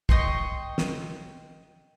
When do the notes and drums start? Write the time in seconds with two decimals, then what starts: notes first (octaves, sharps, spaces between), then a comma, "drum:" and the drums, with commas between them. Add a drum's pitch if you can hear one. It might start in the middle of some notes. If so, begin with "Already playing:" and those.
0.09 D#5 G5 C6 C#6, drum: kick
0.78 drum: snare